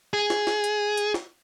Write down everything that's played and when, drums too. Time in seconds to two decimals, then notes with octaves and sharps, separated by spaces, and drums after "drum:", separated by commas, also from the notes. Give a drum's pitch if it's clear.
0.13 G#4
0.30 drum: snare
0.47 drum: snare
0.64 drum: hi-hat
0.97 drum: hi-hat
1.14 drum: snare